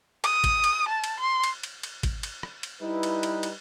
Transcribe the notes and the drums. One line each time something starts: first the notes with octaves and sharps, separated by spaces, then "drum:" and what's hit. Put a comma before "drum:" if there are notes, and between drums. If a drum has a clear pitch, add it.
D#6, drum: cymbal
drum: kick, cymbal
drum: cymbal
A5
drum: cymbal
C6
drum: cymbal
drum: cymbal
drum: cymbal
drum: kick, cymbal
drum: cymbal
drum: rim click
drum: cymbal
G3 D#4 E4 B4
drum: cymbal
drum: cymbal
drum: cymbal